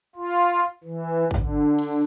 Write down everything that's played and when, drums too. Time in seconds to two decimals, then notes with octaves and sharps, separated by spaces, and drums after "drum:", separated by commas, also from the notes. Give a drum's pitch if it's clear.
0.16 F4
0.84 E3
1.31 D3, drum: kick
1.79 drum: cymbal